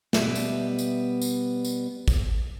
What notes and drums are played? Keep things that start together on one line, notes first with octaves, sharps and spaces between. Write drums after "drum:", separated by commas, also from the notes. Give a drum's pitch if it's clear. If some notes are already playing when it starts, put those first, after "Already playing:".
B2 G3 B3 E5, drum: snare
drum: tambourine
drum: tambourine
drum: tambourine
drum: tambourine
drum: kick, tambourine